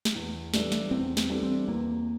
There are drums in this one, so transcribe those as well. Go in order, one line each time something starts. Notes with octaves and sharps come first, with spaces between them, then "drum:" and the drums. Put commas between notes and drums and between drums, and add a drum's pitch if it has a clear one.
drum: snare
E2
E3 G3 D4 A4, drum: snare
drum: snare
E2 C4
C4, drum: snare
E3 G3 D4 A4
C4
E2 A#3